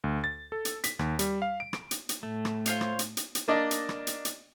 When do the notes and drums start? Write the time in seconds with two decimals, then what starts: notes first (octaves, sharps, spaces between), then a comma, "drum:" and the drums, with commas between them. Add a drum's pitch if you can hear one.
0.04 D2
0.24 A6
0.52 A4
0.65 drum: hi-hat
0.84 B6, drum: hi-hat
0.99 D#2, drum: rim click
1.19 G3, drum: hi-hat
1.42 F5
1.60 D7
1.73 drum: rim click
1.91 drum: hi-hat
2.09 drum: hi-hat
2.23 A2 A3
2.45 drum: rim click
2.66 F4 C5 C#5, drum: hi-hat
2.81 drum: rim click
2.99 drum: hi-hat
3.17 drum: hi-hat
3.35 drum: hi-hat
3.48 A#3 D4 D5 D#5
3.71 drum: hi-hat
3.89 drum: rim click
4.07 drum: hi-hat
4.25 drum: hi-hat